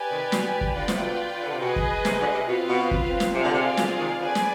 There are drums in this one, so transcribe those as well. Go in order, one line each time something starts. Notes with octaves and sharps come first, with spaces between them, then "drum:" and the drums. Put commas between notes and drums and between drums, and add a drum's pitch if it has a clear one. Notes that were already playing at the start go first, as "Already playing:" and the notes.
Already playing: G4 B4 D5 G#5
C3 D#3
B2 D3, drum: snare
drum: kick
D3 F4 B4 D5 G5
C3, drum: snare
B2 D3
D3
C3
B2 G#4 B4 D#5
drum: kick
C3, drum: snare
B2 D3
C3
B2 C4 F4 B4 F5
B2
drum: kick
drum: snare
C3 C4 F4 G#4 D5 F5
D3
C3
B2 D3, drum: snare
C3 D#3
D3 F3 G#4 B4 D5 G#5
drum: snare